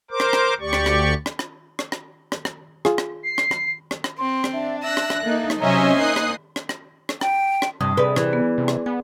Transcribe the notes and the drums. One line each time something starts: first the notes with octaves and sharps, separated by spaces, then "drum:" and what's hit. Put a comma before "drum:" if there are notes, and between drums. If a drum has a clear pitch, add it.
A#4 C5 D6
drum: rim click
drum: rim click
D2 G4 D5 C#6
drum: rim click
drum: rim click
drum: rim click
drum: rim click
drum: rim click
drum: rim click
drum: rim click
drum: rim click
F4 G#4, drum: rim click
drum: rim click
C7
drum: rim click
drum: rim click
drum: rim click
drum: rim click
C4 C6
drum: rim click
D4 E5
E5 E6 F#6 A#6
drum: rim click
drum: rim click
A#3 D#4 A4
drum: rim click
C3 F#3 C#4 C5 D#5 E5 G#5 A#5
A#3 D#4 D#5 D#6 F#6 C7
drum: rim click
drum: rim click
drum: rim click
drum: rim click
G5, drum: rim click
drum: rim click
G2 C3 D#6
C3 G#4 B4 D5
E3, drum: rim click
B3
C3
drum: rim click
B3 G#5